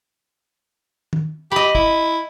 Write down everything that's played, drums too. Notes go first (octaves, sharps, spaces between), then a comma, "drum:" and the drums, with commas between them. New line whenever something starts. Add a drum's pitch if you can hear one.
drum: tom D#3
G4 D#5 B5
E4, drum: kick